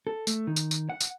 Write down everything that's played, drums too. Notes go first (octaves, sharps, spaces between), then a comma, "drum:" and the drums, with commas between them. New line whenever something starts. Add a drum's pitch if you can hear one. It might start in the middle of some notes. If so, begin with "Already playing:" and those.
A4
A3, drum: tambourine
D#3
drum: tambourine
drum: tambourine
F#5
drum: tambourine